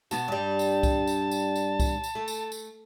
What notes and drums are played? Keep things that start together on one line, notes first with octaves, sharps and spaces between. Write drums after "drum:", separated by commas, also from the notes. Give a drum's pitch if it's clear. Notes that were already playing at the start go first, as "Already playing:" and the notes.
B2 B3 F#4 A5, drum: tambourine
G2 G3
drum: tambourine
drum: kick C2, tambourine
drum: tambourine
drum: tambourine
drum: tambourine
drum: kick C2, tambourine
drum: tambourine
A3
drum: tambourine
drum: tambourine